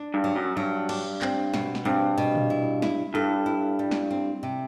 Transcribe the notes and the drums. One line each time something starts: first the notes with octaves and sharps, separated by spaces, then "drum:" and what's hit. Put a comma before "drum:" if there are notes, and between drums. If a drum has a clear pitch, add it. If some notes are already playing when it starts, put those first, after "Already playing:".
Already playing: D4
G2
F#3
F#2
G2 F#3
D4, drum: cymbal
C4, drum: clap
B2, drum: snare
drum: snare
G2 C4
B2
drum: tom
E4
E4, drum: snare
G2 A4
E4
G3
drum: snare
C4
C3